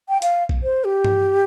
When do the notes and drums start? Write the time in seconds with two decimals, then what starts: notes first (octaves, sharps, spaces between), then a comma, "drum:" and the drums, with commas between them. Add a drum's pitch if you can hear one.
0.09 G5
0.22 F5, drum: hi-hat
0.49 drum: kick A#1
0.63 C5
0.84 G4
1.04 drum: tom G2